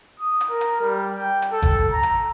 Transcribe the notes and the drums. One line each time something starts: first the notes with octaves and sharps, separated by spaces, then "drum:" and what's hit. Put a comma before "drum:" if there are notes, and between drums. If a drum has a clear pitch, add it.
D#6
drum: hi-hat
A#4
drum: hi-hat
G3
G5
drum: hi-hat
A4
drum: kick G1, hi-hat
A#5
drum: hi-hat